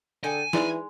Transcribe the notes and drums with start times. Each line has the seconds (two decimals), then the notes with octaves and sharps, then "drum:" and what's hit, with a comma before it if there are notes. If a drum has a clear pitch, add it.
0.24 D3 G#4 A4 G5 G#5
0.53 E3 G#3 D#4 E4 D5, drum: snare